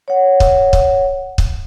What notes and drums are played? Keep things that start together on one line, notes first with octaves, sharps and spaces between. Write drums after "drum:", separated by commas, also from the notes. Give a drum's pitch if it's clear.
C#5 F#5
drum: kick
drum: kick
drum: kick